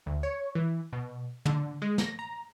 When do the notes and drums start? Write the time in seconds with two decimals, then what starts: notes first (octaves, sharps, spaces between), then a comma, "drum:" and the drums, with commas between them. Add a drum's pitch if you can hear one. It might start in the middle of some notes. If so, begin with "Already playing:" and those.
0.06 D2
0.23 C#5
0.55 E3
0.93 B2
1.45 D3, drum: tom
1.82 G#3
1.98 A#6, drum: snare
2.19 A#5